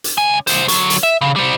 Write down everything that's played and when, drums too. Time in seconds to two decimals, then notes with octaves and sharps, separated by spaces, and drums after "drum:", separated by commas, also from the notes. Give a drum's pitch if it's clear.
0.04 drum: hi-hat
0.18 C#2 G#5
0.47 C2 C5, drum: hi-hat
0.68 D3 F#3, drum: hi-hat
0.90 drum: hi-hat
1.03 E5
1.21 C#3
1.36 G3 C5